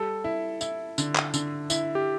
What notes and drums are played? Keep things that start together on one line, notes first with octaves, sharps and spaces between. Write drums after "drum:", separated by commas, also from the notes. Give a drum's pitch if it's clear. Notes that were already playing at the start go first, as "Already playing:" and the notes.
Already playing: G3 A4
E4
E4, drum: tambourine
D3, drum: tambourine
drum: clap
D3, drum: tambourine
E4, drum: tambourine
G4